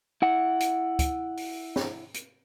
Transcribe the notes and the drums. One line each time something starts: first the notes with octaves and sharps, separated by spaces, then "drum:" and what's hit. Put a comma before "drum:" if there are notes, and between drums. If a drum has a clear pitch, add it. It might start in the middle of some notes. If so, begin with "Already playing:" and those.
E4 F#5
drum: hi-hat
drum: kick, hi-hat
drum: open hi-hat
drum: snare
drum: hi-hat